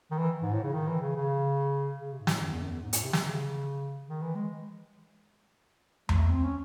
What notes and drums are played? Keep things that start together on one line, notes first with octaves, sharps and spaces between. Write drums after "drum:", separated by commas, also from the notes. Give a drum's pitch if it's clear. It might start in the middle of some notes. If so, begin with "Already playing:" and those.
D#3
E3
G#2
A2
C#3
D#3
E3
C#3
C#3
C#3
C3
G#2
A2, drum: snare
F#2
E2
F#2
E2
G#2
A2, drum: hi-hat
C3
C3, drum: snare
C#3
D#3
E3
G#3
G#3, drum: tom E2
A3
C4
C#4